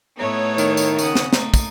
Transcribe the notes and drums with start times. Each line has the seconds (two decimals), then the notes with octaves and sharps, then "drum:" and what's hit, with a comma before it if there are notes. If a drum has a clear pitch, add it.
0.17 A2 A3 B3 D#4 C#5
0.58 D#3, drum: tambourine
0.77 drum: tambourine
0.99 C#3 F#5 D#6, drum: tambourine
1.15 drum: snare
1.33 A3 A#3 D#4, drum: snare
1.54 drum: kick, tambourine